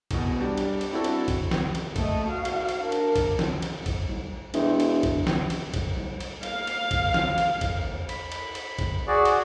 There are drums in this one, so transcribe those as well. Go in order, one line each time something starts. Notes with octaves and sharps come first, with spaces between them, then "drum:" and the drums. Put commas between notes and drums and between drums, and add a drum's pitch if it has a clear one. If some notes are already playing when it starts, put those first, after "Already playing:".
E2 B2, drum: kick, cymbal
G3 D4 G4
drum: cymbal
drum: cymbal
C4 D4 E4 F#4 A4
drum: cymbal
drum: kick, cymbal
drum: snare
drum: cymbal
A3 D#5, drum: kick, cymbal
F#4 F5
drum: cymbal
drum: cymbal
D4 A#4
drum: cymbal
drum: kick, cymbal
drum: snare
drum: cymbal
drum: kick, cymbal
drum: tom
E1 D4 E5, drum: cymbal
drum: cymbal
drum: kick, cymbal
drum: snare
drum: cymbal
drum: kick, cymbal
drum: tom
drum: cymbal
F5, drum: cymbal
drum: cymbal
drum: kick, cymbal
drum: snare
drum: cymbal
drum: kick, cymbal
drum: tom
B5, drum: cymbal
drum: cymbal
drum: cymbal
drum: kick, cymbal
F#4 G#4 D5
drum: cymbal